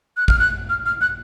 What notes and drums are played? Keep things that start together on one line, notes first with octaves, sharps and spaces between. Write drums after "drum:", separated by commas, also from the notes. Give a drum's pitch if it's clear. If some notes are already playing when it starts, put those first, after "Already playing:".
F#6
F6, drum: kick A1
F#6
F6
F6
F#6